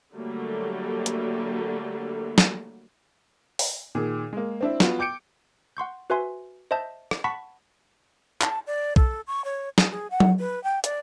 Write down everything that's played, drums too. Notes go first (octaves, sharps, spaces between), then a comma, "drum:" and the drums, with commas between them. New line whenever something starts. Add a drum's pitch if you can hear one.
D3 F#3 G3 A3 A#3
drum: hi-hat
drum: snare
drum: open hi-hat
A#2 D#3 G#4
G#3 A#3
C4 D4 E4
B3 F4 F#4, drum: snare
G5 D6 G6 C#7 D7
F#5 C6 C#6 G6
F#4 B4 C5 E5 G#5 C6
C5 D#5 E5 A5 G6
drum: rim click
F#5 A5 B5 C#6 B6
A5, drum: clap
D5
A4, drum: kick B1
C#6
C#5
G#4, drum: snare
G#4
F#5
drum: tom F#3
B4
G5
D5, drum: hi-hat